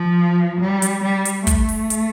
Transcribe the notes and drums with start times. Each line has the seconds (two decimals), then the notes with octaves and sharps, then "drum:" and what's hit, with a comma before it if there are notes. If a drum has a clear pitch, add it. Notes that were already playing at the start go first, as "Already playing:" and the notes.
Already playing: F3
0.61 G3
0.82 drum: hi-hat
1.04 G3
1.25 drum: hi-hat
1.47 A3, drum: kick, hi-hat
1.69 drum: open hi-hat
1.90 drum: hi-hat